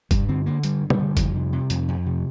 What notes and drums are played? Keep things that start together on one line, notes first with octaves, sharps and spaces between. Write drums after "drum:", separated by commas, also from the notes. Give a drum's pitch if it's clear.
G2 G3, drum: kick F#1, hi-hat
D3 C4
D3 A#3
G2 G3, drum: hi-hat
G2
G3, drum: tom
D3
F2, drum: kick F#1, hi-hat
C3
C3
F2, drum: hi-hat
F2
C3